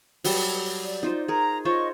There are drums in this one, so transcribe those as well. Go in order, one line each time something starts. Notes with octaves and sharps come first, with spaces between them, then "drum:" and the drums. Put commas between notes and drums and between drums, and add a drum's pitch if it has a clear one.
F#3 G3 A5, drum: open hi-hat
D5
D#4 F4 C5
G#4 A#4 A#5
F4 C5 C#5 D#5 C#6